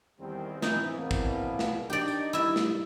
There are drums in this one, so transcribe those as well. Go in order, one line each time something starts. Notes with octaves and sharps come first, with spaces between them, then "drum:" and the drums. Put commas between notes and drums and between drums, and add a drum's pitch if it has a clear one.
E2 D#3 G3 C4
E3 C4 D#4, drum: snare
E2 B2 A#3
drum: kick, tambourine
drum: snare
D4 D#4 G4 D5
drum: tambourine
G3 E4 E5
drum: snare